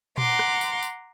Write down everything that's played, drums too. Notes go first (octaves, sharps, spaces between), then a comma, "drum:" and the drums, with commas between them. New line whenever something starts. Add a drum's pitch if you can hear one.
F#5 A#5 C6 D6, drum: tom A#2
drum: rim click
drum: tambourine
drum: tambourine